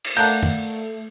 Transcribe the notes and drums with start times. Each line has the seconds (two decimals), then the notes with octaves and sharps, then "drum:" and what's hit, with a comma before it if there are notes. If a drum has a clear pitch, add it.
0.04 drum: cymbal
0.17 A3 A#3 D4 F#5 G6
0.43 drum: tom